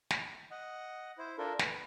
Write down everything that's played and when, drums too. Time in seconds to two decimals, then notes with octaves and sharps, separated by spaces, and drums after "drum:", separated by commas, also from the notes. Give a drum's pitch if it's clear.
0.10 drum: snare
0.51 D#5 F#5
1.18 E4 C5
1.38 D4 F4 A4 A#4
1.59 B4, drum: snare